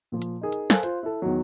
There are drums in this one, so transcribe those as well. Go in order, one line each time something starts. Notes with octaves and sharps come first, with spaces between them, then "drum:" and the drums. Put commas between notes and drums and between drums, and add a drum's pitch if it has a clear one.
A#2 F3
drum: hi-hat
D#4 G#4 A#4
drum: hi-hat
A4 A#4 C5 F5 G#5 F#6, drum: snare
F4 C5, drum: hi-hat
E4 A4
E2 D#3 F#3